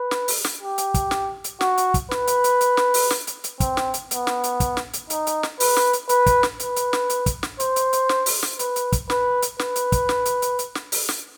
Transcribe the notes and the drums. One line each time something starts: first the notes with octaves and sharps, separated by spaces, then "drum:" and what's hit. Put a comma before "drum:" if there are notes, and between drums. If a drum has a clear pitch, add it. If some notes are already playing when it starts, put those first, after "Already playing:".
Already playing: B4
drum: snare
drum: open hi-hat
drum: snare
G4
drum: hi-hat
drum: kick, hi-hat
drum: snare
drum: hi-hat
F#4, drum: snare
drum: hi-hat
drum: kick, hi-hat
B4, drum: snare
drum: hi-hat
drum: hi-hat
drum: hi-hat
drum: snare
drum: open hi-hat
drum: snare
drum: hi-hat
drum: hi-hat
C4, drum: kick, hi-hat
drum: snare
drum: hi-hat
B3, drum: hi-hat
drum: snare
drum: hi-hat
drum: kick, hi-hat
drum: snare
drum: hi-hat
D#4, drum: hi-hat
drum: hi-hat
drum: snare
B4, drum: open hi-hat
drum: snare
drum: hi-hat
B4, drum: hi-hat
drum: kick, hi-hat
drum: snare
B4, drum: hi-hat
drum: hi-hat
drum: snare
drum: hi-hat
drum: kick, hi-hat
drum: snare
C5, drum: hi-hat
drum: hi-hat
drum: hi-hat
drum: snare
drum: open hi-hat
drum: snare
B4, drum: hi-hat
drum: hi-hat
drum: kick, hi-hat
B4, drum: snare
drum: hi-hat
B4, drum: snare
drum: hi-hat
drum: kick, hi-hat
drum: snare
drum: hi-hat
drum: hi-hat
drum: hi-hat
drum: snare
drum: open hi-hat
drum: snare